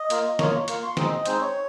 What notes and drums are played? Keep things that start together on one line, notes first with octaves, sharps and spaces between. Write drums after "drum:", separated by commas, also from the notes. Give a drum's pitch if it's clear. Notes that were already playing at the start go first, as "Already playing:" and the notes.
Already playing: D#5
A#3 F4, drum: hi-hat
A#3 F4 C#5, drum: snare
A#3 F4 C#6, drum: hi-hat
C6
G#3 C4 D#4 D#5, drum: snare
G#3 C4 D#4 C5, drum: hi-hat
C#5